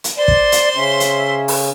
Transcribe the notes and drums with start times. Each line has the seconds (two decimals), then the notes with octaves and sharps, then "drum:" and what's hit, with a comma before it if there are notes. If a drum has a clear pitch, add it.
0.04 drum: hi-hat
0.17 C5 D5 C6
0.28 drum: kick
0.52 drum: hi-hat
0.76 C#3 C#4 E5
1.00 drum: hi-hat
1.48 drum: open hi-hat